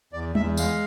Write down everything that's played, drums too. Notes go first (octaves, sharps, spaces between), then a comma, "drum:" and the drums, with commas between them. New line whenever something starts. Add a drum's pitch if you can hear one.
E2 D5
E2 E5, drum: tom G3
G#3 F5, drum: tambourine